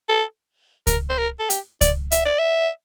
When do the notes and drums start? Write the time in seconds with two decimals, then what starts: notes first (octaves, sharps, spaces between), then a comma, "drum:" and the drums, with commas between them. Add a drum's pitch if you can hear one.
0.09 A4
0.87 A#4, drum: kick C#2, hi-hat
1.10 C5
1.18 A#4
1.40 A4
1.50 G4, drum: hi-hat
1.81 D5, drum: kick C#2, hi-hat
2.12 E5, drum: hi-hat
2.26 D5
2.39 E5